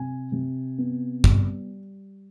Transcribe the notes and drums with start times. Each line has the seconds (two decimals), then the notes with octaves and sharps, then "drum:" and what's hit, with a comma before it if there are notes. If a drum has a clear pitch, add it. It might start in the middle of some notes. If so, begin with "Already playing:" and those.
Already playing: C3 G#5
0.32 C3
0.78 B3
1.24 G3, drum: kick